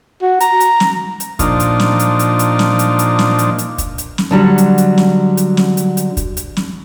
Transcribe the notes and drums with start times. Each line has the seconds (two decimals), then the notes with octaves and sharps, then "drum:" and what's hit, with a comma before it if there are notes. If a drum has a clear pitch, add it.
0.22 F#4
0.40 A#5, drum: hi-hat
0.60 drum: hi-hat
0.80 drum: snare
1.20 drum: hi-hat
1.39 A#2 F3 D4 D#4, drum: kick, hi-hat
1.60 drum: hi-hat
1.80 drum: snare
1.99 drum: hi-hat
2.19 drum: hi-hat
2.39 drum: hi-hat
2.59 drum: snare
2.79 drum: hi-hat
2.99 drum: hi-hat
3.19 drum: snare
3.39 drum: hi-hat
3.58 drum: hi-hat
3.78 drum: kick, hi-hat
3.98 drum: hi-hat
4.18 drum: snare
4.31 D3 F#3 G3
4.58 drum: hi-hat
4.78 drum: hi-hat
4.98 drum: snare
5.37 drum: hi-hat
5.57 drum: snare
5.77 drum: hi-hat
5.97 drum: hi-hat
6.17 drum: kick, hi-hat
6.37 drum: hi-hat
6.57 drum: snare